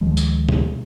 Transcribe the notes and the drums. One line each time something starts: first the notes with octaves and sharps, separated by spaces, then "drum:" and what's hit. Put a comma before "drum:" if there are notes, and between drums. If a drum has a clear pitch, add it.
D2 D#3 F3 G#3
drum: tambourine
drum: tom B2